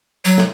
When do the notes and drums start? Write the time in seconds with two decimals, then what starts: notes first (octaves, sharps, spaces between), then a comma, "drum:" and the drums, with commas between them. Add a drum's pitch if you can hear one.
0.25 F#3, drum: tambourine
0.38 drum: snare